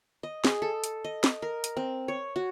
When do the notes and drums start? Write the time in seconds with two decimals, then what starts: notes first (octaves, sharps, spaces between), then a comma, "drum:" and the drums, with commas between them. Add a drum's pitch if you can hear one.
0.23 D#5
0.44 G#4, drum: snare
0.62 A4
0.84 drum: hi-hat
1.04 D#5
1.24 drum: snare
1.42 A#4
1.64 drum: hi-hat
1.77 C4
2.08 C#5
2.36 F#4